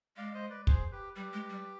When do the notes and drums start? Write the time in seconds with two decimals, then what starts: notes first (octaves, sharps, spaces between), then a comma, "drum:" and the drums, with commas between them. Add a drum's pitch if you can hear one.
0.17 G#3 D5 F5
0.34 C5 D#5
0.50 B4 D5
0.67 G#4 C5, drum: kick
0.92 G4 B4
1.16 G3 G4 B4
1.33 G#3
1.50 G3